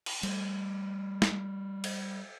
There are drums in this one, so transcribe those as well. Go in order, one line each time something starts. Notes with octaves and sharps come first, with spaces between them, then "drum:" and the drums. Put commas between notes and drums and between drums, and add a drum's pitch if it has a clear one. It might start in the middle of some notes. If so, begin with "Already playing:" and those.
drum: cymbal
G3 A3, drum: cymbal
drum: snare
drum: cymbal